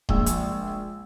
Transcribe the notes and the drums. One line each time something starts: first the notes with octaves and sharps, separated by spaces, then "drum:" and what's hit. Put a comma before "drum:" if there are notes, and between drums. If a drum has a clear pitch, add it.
A#1 G#3 E6, drum: kick D#1
drum: hi-hat